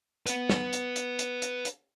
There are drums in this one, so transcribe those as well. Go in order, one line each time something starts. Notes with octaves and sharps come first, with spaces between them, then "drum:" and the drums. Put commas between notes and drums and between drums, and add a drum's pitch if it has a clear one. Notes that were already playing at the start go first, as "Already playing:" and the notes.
B4 F#5, drum: hi-hat
drum: snare
drum: hi-hat
drum: hi-hat
drum: hi-hat
drum: hi-hat
drum: hi-hat